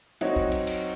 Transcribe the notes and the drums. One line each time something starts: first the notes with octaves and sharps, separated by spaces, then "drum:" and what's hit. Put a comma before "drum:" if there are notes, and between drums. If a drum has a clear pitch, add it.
F#3 C4 D#4 F#4 C#5, drum: cymbal
drum: kick C2
drum: cymbal
drum: cymbal